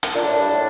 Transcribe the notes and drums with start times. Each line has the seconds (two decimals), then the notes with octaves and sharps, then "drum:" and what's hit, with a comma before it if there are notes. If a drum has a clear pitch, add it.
0.03 drum: hi-hat
0.14 A#2 D4
0.26 A2
0.38 G2
0.51 A2